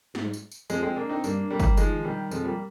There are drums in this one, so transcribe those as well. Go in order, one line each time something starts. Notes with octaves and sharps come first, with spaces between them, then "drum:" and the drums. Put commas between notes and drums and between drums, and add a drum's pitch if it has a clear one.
G#2, drum: snare
drum: tambourine
drum: tambourine
F2 F3 G#3, drum: tambourine
G#3 C4
A#3 D4
C4 D#4
G2 A#3 D4, drum: tambourine
G3 A#3
drum: kick, tambourine
D#3 F3 G#3, drum: tambourine
D#3 G3
F2 F3 G#3, drum: tambourine
G3 A#3